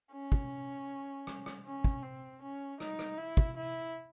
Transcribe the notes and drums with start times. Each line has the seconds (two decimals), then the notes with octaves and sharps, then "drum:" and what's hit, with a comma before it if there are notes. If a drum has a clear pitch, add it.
0.12 C#4
0.32 drum: kick
1.27 drum: rim click
1.46 drum: rim click
1.66 C#4
1.84 drum: kick
2.03 C4
2.41 C#4
2.80 D#4, drum: rim click
2.99 drum: rim click
3.17 E4
3.37 drum: kick
3.57 E4